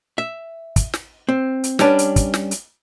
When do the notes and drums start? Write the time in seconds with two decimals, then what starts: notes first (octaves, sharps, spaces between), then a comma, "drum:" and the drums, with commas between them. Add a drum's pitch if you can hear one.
0.18 E5
0.76 drum: kick, hi-hat
0.94 drum: snare
1.29 C4
1.64 drum: hi-hat
1.79 G3 C#4 D4 B4, drum: snare
1.99 drum: hi-hat
2.16 drum: kick, hi-hat
2.34 drum: snare
2.51 drum: hi-hat